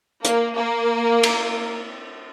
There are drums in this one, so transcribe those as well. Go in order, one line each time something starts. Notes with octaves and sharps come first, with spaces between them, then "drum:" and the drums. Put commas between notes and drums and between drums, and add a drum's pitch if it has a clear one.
A#3, drum: hi-hat
A#3
drum: cymbal